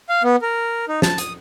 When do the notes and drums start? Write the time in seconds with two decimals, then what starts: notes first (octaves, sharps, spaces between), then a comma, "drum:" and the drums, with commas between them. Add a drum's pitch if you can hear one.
0.09 F5
0.24 B3
0.42 A#4
0.88 D#4
1.02 A5, drum: snare
1.18 D#6, drum: hi-hat